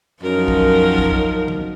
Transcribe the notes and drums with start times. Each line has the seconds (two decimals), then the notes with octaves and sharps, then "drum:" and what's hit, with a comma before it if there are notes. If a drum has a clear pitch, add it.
0.23 F#2 F3 F#3 D#4 A#4
0.48 drum: kick
0.98 drum: kick
1.48 drum: tom